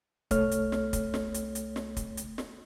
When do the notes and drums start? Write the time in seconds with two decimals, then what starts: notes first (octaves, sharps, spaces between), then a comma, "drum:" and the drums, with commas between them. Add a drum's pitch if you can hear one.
0.31 C2 A3 C#5 F6, drum: kick, hi-hat
0.51 drum: hi-hat
0.72 drum: snare
0.93 drum: kick, hi-hat
1.14 drum: snare
1.34 drum: hi-hat
1.55 drum: hi-hat
1.76 drum: snare
1.97 drum: kick, hi-hat
2.17 drum: hi-hat
2.38 drum: snare